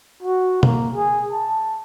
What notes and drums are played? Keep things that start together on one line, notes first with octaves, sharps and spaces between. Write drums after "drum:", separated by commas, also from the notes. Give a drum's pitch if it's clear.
F#4
A#3, drum: tom B2
G#4
A5